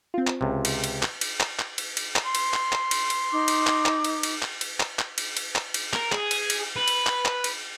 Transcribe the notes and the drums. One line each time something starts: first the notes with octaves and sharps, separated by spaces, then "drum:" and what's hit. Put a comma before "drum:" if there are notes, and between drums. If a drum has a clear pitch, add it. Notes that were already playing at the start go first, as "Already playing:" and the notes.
C4 F4
drum: clap
C#2 C3
drum: cymbal
drum: cymbal
drum: clap
drum: cymbal
drum: clap
drum: clap
drum: cymbal
drum: cymbal
drum: clap
C6
drum: cymbal
drum: clap
drum: clap
drum: cymbal
drum: cymbal
D#4 D6
drum: cymbal
drum: clap
drum: clap
drum: cymbal
drum: cymbal
drum: clap
drum: cymbal
drum: clap
drum: clap
drum: cymbal
drum: cymbal
drum: clap
drum: cymbal
A#4, drum: clap
G#4, drum: clap
drum: cymbal
drum: cymbal
B4
drum: cymbal
drum: clap
drum: clap
drum: cymbal